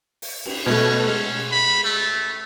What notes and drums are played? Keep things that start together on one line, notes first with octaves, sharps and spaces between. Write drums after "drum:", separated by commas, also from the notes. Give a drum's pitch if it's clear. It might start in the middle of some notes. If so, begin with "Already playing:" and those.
drum: open hi-hat
drum: cymbal
B2 A3 C#4
G#3 C#4
B5
A3